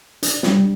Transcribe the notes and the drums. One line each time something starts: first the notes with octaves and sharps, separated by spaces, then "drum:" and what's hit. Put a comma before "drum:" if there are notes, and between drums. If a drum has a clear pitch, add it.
D4, drum: hi-hat
G3, drum: snare